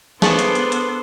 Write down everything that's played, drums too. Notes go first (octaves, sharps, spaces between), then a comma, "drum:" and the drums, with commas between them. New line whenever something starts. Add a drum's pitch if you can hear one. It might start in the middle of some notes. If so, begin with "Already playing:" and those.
B3 D4 G#4 A4 C5 A5 C#6, drum: snare
drum: hi-hat
drum: hi-hat
drum: hi-hat